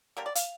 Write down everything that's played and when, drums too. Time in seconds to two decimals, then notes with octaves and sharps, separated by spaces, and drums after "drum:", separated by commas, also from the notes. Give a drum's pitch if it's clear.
0.17 D3 G3 A#3 A#4
0.26 D5
0.35 F5, drum: hi-hat